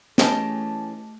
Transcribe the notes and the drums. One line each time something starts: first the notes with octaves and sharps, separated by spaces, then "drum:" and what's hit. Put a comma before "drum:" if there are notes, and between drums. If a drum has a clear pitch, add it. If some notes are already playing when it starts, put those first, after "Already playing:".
E3 A3 C#4 G4 G#4 D#5 A5, drum: snare